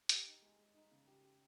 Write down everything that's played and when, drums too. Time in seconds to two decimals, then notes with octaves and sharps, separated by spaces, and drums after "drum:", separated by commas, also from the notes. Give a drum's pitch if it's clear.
0.09 G4, drum: hi-hat
0.26 D#4
0.42 G#3
0.59 G#3
0.74 D#4
0.91 C#3
1.07 G4
1.24 G4